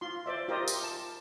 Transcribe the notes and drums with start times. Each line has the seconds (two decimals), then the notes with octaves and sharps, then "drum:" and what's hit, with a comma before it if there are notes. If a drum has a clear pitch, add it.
0.01 F4 C6
0.26 C5 D5 E5
0.48 F4 G4 A#4 C5 D#5
0.68 drum: tambourine
0.83 A5